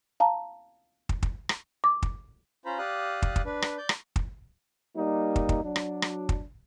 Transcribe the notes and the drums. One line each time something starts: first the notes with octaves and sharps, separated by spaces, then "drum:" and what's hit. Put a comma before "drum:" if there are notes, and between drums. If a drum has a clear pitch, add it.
F5 A5 A#5
drum: kick
drum: kick
drum: rim click
D6
drum: kick
C#4 F4 C5 A#5 B5
G4 D5 F5 D#6 F#6
drum: kick
drum: kick
D4 B4
drum: rim click
D5 G6
drum: rim click
drum: kick
G3 A#3 D#4
drum: kick
drum: kick
F#3 D4
drum: rim click
drum: rim click
drum: kick